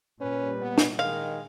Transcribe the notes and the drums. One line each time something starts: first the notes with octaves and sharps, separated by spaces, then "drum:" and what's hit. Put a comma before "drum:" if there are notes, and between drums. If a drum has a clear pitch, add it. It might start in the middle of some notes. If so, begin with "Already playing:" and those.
A#2 G3 C#4 B4
B3
drum: snare
D#3 G#3 F5